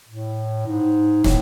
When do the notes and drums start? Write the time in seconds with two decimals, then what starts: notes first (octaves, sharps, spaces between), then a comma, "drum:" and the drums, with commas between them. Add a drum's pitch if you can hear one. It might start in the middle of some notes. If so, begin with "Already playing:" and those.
0.09 A2
0.66 G#2
1.24 A2, drum: snare